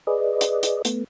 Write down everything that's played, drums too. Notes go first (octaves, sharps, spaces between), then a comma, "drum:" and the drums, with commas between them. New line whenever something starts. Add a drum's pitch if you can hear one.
G#4 B4 D5 D#5
drum: hi-hat
drum: hi-hat
A3 B3, drum: hi-hat